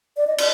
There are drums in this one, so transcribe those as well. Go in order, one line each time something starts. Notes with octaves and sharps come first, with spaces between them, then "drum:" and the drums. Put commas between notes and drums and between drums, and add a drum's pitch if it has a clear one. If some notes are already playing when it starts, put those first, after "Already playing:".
D5
D#5
D5, drum: cymbal